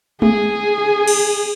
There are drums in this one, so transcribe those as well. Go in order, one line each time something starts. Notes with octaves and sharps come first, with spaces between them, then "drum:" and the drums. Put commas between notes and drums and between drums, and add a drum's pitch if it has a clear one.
G#4, drum: tom G#3
drum: cymbal